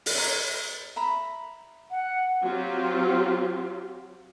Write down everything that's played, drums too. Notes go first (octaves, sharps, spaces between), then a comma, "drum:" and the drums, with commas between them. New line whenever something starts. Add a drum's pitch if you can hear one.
drum: open hi-hat
C#5 A#5
E5 A#5 B5
F#5
F#3 C4 F4 G4